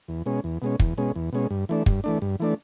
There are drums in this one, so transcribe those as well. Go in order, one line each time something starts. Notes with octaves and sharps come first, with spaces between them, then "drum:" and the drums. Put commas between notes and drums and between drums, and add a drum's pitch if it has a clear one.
E2
B2 G#3 C#4
E2
B2 G#3 C#4
E2, drum: kick
B2 G#3 C#4
E2
B2 G#3 C#4
G2
E3 A3 D4
G2, drum: kick
E3 A3 D4
G2
E3 A3 D4